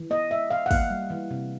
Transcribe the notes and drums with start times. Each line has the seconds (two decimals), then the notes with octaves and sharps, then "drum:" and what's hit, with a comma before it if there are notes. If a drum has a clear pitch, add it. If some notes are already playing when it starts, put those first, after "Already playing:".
Already playing: E3
0.10 B3 D#5
0.30 G#3 E5
0.51 E3 F5
0.66 F#5
0.71 A#3 F5, drum: kick, open hi-hat
0.90 G3
1.10 E3
1.31 C3